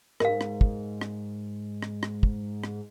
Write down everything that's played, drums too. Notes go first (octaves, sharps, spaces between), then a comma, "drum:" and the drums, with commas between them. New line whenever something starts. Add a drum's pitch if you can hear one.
G#2 A#4 F5, drum: rim click
drum: rim click
drum: kick
drum: rim click
drum: rim click
drum: rim click
drum: kick
drum: rim click